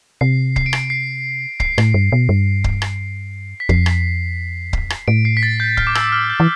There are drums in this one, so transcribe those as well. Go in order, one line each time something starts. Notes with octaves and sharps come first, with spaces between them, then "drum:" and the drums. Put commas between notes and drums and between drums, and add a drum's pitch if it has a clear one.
C3 C7
C7, drum: kick C#1
D7
C7, drum: rim click
C7
C7, drum: kick C#1
A2, drum: rim click
G2
B2
G2
drum: kick C#1
drum: rim click
B6
F2 C7, drum: kick C#1
drum: rim click
drum: kick C#1
drum: rim click
A2 D7
C7
B6
A6
G6
F6, drum: kick C#1
D6
E6, drum: rim click
F6
G6
E3